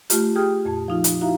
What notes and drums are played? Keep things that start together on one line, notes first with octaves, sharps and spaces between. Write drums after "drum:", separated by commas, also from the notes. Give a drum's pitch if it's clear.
A3 F4 G4, drum: hi-hat
G4 G#4 G5 D#6 F6
F2 A#2 A5
F3 D#4 F4
drum: hi-hat
D#4 E4 F#4 E5 F5 A#5